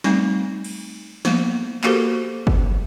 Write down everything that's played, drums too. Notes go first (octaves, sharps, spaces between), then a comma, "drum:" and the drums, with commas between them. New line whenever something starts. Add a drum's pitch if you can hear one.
G3 A3 C4 D#4, drum: snare
drum: cymbal
F3 A#3 B3, drum: snare
A#3 F#4 G4 A4 A#4 C5, drum: clap
drum: kick F#1